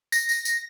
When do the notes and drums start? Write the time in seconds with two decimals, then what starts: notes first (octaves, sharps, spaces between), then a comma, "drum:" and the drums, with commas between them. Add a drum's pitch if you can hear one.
0.12 A#6, drum: tambourine
0.29 drum: tambourine
0.45 drum: tambourine